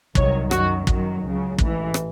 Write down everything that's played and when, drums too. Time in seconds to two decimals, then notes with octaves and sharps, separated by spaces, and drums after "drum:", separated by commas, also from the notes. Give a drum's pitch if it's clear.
0.15 C2 C3 D#3 F#3 C#5, drum: kick
0.51 F#2 D#3 F#3 F#4, drum: rim click
0.87 F#2 D#3 F#3, drum: kick
1.23 C#2 C#3 F#3
1.59 A1 G#2 E3, drum: kick
1.94 drum: rim click